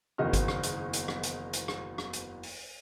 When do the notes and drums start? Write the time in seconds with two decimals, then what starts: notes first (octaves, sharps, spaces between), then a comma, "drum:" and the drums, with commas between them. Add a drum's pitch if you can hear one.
0.18 F#1 E2 D#3 F#4 D#5 F6
0.33 drum: kick G#1, hi-hat
0.48 drum: rim click
0.63 drum: hi-hat
0.93 drum: hi-hat
1.08 drum: rim click
1.23 drum: hi-hat
1.53 drum: hi-hat
1.68 drum: rim click
1.98 drum: rim click
2.13 drum: hi-hat
2.43 drum: open hi-hat